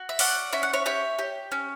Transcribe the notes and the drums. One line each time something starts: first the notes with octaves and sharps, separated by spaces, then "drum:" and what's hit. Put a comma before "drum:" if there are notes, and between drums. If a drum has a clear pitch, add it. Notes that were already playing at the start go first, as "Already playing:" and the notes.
Already playing: F#4
E5
C#4 D5 F#5, drum: open hi-hat
C#4 E5
F#5
C#5 E5
G4 C#5 E5
G4
C#4